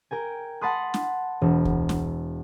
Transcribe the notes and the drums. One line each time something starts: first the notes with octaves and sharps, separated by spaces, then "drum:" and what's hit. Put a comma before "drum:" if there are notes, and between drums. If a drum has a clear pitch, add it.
A#4 G5 G#5
F#5 A5 B5 C6 D#6 F#6
drum: snare
E1
drum: kick C#2
drum: snare